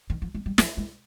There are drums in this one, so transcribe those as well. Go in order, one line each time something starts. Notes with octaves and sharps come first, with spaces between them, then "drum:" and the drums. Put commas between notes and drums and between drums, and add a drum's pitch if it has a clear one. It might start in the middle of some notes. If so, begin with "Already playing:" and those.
D#3
F3
G#3
G3
F3, drum: snare
G#3